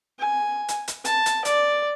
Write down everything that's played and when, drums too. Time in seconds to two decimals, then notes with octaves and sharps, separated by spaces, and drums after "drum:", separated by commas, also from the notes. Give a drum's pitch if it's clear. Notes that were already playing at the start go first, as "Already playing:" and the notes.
0.19 G#5
0.69 drum: hi-hat
0.88 drum: hi-hat
1.05 A5, drum: hi-hat
1.26 drum: hi-hat
1.45 D5, drum: hi-hat